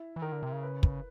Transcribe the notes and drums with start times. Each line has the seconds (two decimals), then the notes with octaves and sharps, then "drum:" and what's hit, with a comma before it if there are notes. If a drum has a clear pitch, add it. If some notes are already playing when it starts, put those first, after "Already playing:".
Already playing: E4
0.16 E3
0.22 D#3 A#4
0.32 D3
0.43 C3
0.52 C#3
0.63 B4
0.83 drum: kick